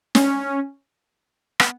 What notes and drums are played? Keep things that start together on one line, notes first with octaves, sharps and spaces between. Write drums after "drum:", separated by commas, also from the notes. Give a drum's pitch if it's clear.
C#4, drum: snare
B3, drum: rim click